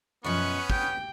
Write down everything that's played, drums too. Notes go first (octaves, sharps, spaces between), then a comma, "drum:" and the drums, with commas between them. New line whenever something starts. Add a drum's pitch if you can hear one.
F#2 B2 F3 B3 C#4 C#6 F#6
G4 G5 G6, drum: kick